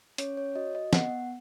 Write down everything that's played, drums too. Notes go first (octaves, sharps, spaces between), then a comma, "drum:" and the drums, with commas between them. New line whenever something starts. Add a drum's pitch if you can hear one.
C#4 C#5, drum: hi-hat
C#5
F#4 D#5
D#5
B3 F#5, drum: snare